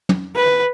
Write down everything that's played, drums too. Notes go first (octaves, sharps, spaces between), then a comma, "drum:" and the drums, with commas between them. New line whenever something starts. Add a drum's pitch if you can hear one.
drum: tom
B4